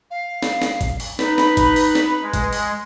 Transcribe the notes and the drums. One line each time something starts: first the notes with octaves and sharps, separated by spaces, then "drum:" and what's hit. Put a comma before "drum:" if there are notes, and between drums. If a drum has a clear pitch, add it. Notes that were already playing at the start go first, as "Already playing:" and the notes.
F5
drum: snare
drum: snare
drum: kick, hi-hat
drum: open hi-hat
D#4 B4 B5, drum: snare
drum: snare
drum: kick, hi-hat
drum: open hi-hat
drum: snare
G#3
drum: kick, hi-hat
drum: open hi-hat